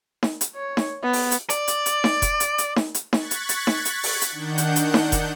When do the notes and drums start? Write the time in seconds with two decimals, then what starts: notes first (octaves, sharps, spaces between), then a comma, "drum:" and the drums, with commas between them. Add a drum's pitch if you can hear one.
0.23 drum: snare D#4
0.41 drum: hi-hat
0.55 C#5
0.77 drum: snare D#4
1.03 B3
1.13 drum: open hi-hat
1.31 drum: hi-hat
1.50 D5, drum: hi-hat
1.68 drum: hi-hat
1.86 drum: hi-hat
2.04 drum: snare D#4
2.22 drum: kick F1, hi-hat
2.40 drum: hi-hat
2.58 drum: hi-hat
2.76 drum: snare D#4
2.94 drum: hi-hat
3.13 C#6 F#6 G#6 A6 B6, drum: snare D#4
3.31 drum: hi-hat
3.49 drum: hi-hat
3.67 drum: snare D#4
3.85 drum: hi-hat
4.03 drum: open hi-hat
4.21 drum: hi-hat
4.32 D#3 D4 F#5 G6
4.58 drum: hi-hat
4.76 drum: hi-hat
4.94 drum: snare D#4
5.12 drum: kick F1, hi-hat